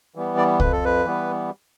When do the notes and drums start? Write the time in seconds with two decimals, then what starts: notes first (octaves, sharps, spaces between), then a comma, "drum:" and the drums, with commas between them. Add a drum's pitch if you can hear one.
0.15 E3 G3 B3
0.37 D5
0.60 F2 B4, drum: kick C2
0.72 A4
0.85 B4
1.05 E3 G3 B3